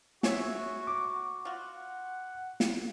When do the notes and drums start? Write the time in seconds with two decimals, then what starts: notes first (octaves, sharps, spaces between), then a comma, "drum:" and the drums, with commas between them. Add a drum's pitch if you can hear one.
0.23 F#4 G#4 C#5 E5, drum: snare
0.87 D6
1.45 F4 F#4 F#5
2.60 drum: snare